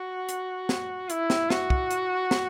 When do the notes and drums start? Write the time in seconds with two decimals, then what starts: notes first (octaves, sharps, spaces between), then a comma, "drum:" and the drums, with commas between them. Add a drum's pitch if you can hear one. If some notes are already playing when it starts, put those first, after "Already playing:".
Already playing: F#4
0.29 drum: hi-hat
0.69 drum: snare
1.10 E4, drum: hi-hat
1.30 drum: snare
1.50 F#4, drum: snare
1.70 drum: kick
1.91 drum: hi-hat
2.31 drum: snare